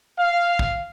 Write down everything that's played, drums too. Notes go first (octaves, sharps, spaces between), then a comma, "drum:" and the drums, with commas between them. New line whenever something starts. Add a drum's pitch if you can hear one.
F5
drum: kick